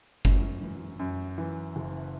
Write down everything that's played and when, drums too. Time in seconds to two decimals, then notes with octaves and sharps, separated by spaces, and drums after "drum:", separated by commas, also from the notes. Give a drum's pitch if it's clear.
0.25 F#2, drum: kick F#1
0.62 E3
0.99 F#2
1.38 E3
1.76 F#1